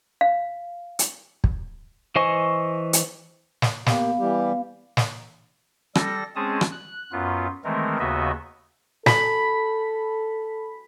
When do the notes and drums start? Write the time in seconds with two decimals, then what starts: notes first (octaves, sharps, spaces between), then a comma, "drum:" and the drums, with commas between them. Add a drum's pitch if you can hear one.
0.21 F5
0.99 drum: hi-hat
1.44 drum: kick
2.16 E3 C5 D#5 G#5 C#6
2.93 drum: hi-hat
3.62 drum: snare
3.86 A#3 B3 G4 F5, drum: snare
4.20 E3 G3 G4
4.97 drum: snare
5.95 G3 A4 A#6, drum: rim click
6.36 G#3 C4 C#4 G#4 A5 D#6
6.61 drum: rim click
6.71 F#6
7.12 F#2 B3 F4
7.64 D#3 E3 G#3 A3 C4 A#4
7.99 D#2 C#3 B3 F#4 D#5 E5
9.06 A4 B5, drum: snare